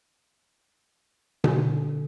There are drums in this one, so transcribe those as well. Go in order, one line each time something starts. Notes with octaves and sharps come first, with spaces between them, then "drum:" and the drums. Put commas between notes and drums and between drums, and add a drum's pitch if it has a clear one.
D3, drum: tom B2